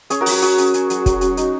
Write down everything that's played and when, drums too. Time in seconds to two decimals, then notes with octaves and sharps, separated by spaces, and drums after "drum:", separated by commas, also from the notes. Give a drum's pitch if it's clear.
0.10 C#4 G#4 C#5, drum: hi-hat
0.21 F#4 A#4
0.26 F#3, drum: open hi-hat
0.32 F#4
0.42 F#3 G#4, drum: hi-hat
0.58 C#4, drum: hi-hat
0.74 C#4, drum: hi-hat
0.90 F#3, drum: hi-hat
1.06 F#3, drum: kick, hi-hat
1.21 C#4, drum: hi-hat
1.37 D#4, drum: hi-hat